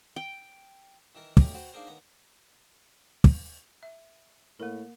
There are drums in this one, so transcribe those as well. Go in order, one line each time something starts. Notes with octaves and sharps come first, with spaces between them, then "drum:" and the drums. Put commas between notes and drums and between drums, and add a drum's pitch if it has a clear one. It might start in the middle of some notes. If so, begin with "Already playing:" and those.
G5
D#3 E3 A#4
D2 A3 C#4 G4 D#5 A#5, drum: kick
F#4 B4 C5 F#5 G5
A#3 D4 D#4 G#4 A#4 C5
D#2 B3 A#5
drum: kick
E5
A2 A#3 A#4